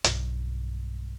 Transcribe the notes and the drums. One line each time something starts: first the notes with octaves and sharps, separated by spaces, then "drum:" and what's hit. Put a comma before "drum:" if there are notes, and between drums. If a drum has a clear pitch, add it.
B1 G2, drum: hi-hat